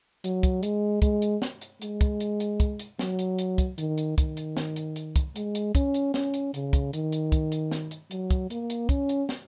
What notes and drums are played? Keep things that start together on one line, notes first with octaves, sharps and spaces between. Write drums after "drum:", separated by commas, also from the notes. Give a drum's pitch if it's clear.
F#3, drum: hi-hat
drum: kick, hi-hat
G#3, drum: hi-hat
G#3, drum: kick, hi-hat
drum: hi-hat
drum: snare
drum: hi-hat
G#3, drum: hi-hat
drum: kick, hi-hat
drum: hi-hat
drum: hi-hat
drum: kick, hi-hat
drum: hi-hat
F#3, drum: snare
drum: hi-hat
drum: hi-hat
drum: kick, hi-hat
D#3, drum: hi-hat
drum: hi-hat
D#3, drum: kick, hi-hat
drum: hi-hat
drum: snare
drum: hi-hat
drum: hi-hat
drum: kick, hi-hat
G#3, drum: hi-hat
drum: hi-hat
C#4, drum: kick, hi-hat
drum: hi-hat
C#4, drum: snare
drum: hi-hat
C#3, drum: hi-hat
drum: kick, hi-hat
D#3, drum: hi-hat
drum: hi-hat
drum: kick, hi-hat
drum: hi-hat
drum: snare
drum: hi-hat
F#3, drum: hi-hat
drum: kick, hi-hat
A#3, drum: hi-hat
drum: hi-hat
C#4, drum: kick, hi-hat
drum: hi-hat
drum: snare